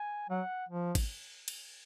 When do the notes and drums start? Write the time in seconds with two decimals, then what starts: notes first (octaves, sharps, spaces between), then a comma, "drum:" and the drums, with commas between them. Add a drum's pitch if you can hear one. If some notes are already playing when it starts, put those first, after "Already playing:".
Already playing: G#5
0.30 F#3 F#5
0.69 F3
0.95 drum: kick G#1, cymbal
1.48 drum: cymbal